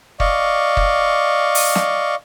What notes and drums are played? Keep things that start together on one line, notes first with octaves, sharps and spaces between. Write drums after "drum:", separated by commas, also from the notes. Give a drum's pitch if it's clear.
D5 D#5 F5 C#6, drum: kick
drum: kick
drum: open hi-hat
drum: snare